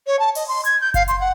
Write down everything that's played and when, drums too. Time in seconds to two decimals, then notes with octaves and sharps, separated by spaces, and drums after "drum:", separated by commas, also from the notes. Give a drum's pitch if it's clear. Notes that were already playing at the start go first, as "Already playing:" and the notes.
0.06 C#5
0.19 A5
0.35 D#5, drum: open hi-hat
0.48 C6
0.64 G#6, drum: hi-hat
0.81 G6
0.94 F5, drum: kick F#1, hi-hat
1.08 C6, drum: hi-hat
1.20 F#5